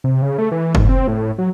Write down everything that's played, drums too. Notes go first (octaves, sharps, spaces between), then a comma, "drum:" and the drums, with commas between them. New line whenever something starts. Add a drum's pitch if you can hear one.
C3
C#3
A3
E3
G#2, drum: kick
C4
A2
F#3